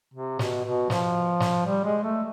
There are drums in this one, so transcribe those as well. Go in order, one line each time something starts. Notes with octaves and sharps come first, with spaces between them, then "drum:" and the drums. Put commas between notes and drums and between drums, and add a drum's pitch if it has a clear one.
C3
B2, drum: snare
B2
F3, drum: snare
drum: snare
G3
G#3
A3